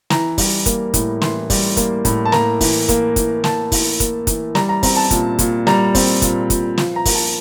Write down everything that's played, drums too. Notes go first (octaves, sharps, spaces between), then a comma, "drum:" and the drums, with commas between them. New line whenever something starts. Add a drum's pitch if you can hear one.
E3 A#5, drum: snare
G3, drum: kick, open hi-hat
A#3, drum: kick, hi-hat
A2, drum: kick, hi-hat
E3 C6, drum: snare
G3, drum: kick, open hi-hat
A#3, drum: kick, hi-hat
A2, drum: kick, hi-hat
A5
A#3 A#5, drum: snare
E3, drum: kick, open hi-hat
A#3, drum: kick, hi-hat
E3, drum: kick, hi-hat
A#3 A5, drum: snare
E3, drum: kick, open hi-hat
A#3, drum: kick, hi-hat
E3, drum: kick, hi-hat
G3 A#5, drum: snare
A#5
C4 A#5, drum: kick, open hi-hat
A5
A#2, drum: kick, hi-hat
A#2, drum: kick, hi-hat
G3 A#5, drum: snare
C4, drum: kick, open hi-hat
A#2, drum: kick, hi-hat
A#2, drum: kick, hi-hat
F3, drum: snare
A#5
A#3, drum: kick, open hi-hat
A5